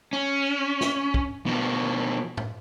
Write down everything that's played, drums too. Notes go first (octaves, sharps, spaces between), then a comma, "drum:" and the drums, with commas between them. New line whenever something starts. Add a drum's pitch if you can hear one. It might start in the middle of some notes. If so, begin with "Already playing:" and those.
C#4
drum: snare
drum: kick
B2 F3
drum: tom